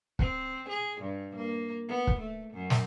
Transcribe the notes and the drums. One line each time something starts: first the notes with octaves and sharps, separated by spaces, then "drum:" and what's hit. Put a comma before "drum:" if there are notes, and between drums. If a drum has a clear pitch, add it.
C4, drum: kick
G#4
G2
A#3
B3
drum: kick
A3
F#2
drum: snare